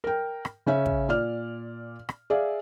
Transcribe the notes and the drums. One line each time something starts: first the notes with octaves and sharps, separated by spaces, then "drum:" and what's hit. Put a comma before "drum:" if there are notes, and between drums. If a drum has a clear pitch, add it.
A#4 G5
drum: rim click
C#3 C#4 E5
drum: kick
A#2 D5 F6
drum: rim click
G#4 D5 E5 F5